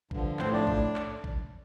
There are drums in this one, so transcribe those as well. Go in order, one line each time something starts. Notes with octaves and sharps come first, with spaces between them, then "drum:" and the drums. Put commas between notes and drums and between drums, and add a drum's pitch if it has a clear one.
G2 D3 F3, drum: kick A#1
A2 F3 C4 C5, drum: clap
D4 D5
A2, drum: kick A#1
drum: clap
drum: kick A#1